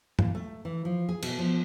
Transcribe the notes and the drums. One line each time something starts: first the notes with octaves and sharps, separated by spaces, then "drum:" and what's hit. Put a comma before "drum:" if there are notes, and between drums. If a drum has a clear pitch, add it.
A#2, drum: tom
A3
E3
F3
G#4
B2, drum: cymbal
F3